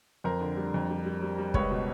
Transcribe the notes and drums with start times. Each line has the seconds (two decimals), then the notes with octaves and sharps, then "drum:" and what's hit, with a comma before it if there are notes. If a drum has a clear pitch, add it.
0.24 F2 A#4 C5
0.41 D3
0.57 G3
0.74 F2
0.90 G3
1.05 G3
1.22 G3
1.38 G3
1.54 C#2 B4 C#5, drum: kick
1.71 B2